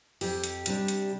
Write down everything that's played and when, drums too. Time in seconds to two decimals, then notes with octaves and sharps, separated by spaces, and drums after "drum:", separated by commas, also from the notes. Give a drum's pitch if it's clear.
0.21 F2 G4, drum: open hi-hat
0.44 drum: hi-hat
0.66 C3 G3 D4, drum: hi-hat
0.88 drum: hi-hat